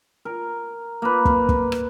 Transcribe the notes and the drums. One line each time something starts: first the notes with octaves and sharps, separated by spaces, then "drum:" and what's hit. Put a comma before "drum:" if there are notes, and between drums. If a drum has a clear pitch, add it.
A#4
A#3 B4
drum: kick
drum: kick
drum: rim click